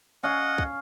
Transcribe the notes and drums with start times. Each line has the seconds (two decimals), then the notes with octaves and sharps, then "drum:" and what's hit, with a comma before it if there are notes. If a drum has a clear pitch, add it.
0.23 C#4 D#5 F5 F#5
0.58 drum: kick